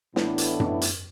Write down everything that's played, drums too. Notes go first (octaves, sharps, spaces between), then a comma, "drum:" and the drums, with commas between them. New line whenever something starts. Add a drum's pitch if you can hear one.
A2 E3 A3 B3 D4 E4, drum: snare
drum: hi-hat
drum: tom F#2
drum: hi-hat